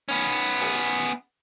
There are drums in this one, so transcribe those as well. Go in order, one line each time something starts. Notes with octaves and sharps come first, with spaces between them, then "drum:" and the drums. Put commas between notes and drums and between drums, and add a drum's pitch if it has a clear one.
B3 C#4
drum: hi-hat
drum: hi-hat
drum: open hi-hat
drum: hi-hat
drum: hi-hat
drum: hi-hat